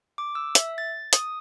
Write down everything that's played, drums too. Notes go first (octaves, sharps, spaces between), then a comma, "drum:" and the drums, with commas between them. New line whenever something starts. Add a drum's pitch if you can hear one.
D6
E6
E5, drum: hi-hat
A6
D#6, drum: hi-hat